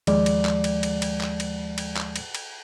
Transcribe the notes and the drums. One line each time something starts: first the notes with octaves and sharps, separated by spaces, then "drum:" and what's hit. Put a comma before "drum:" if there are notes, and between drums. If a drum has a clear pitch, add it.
D#2 F3 G#3 D5, drum: cymbal
drum: cymbal
drum: clap
drum: cymbal
drum: cymbal
drum: cymbal
drum: clap
drum: cymbal
drum: cymbal
drum: clap
drum: cymbal
drum: cymbal